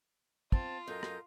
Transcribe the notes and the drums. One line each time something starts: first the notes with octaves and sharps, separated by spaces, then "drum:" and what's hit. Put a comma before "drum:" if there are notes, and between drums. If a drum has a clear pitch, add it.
C4 F4 A5, drum: kick
F#2 A4 A#4 D#5 G6
drum: rim click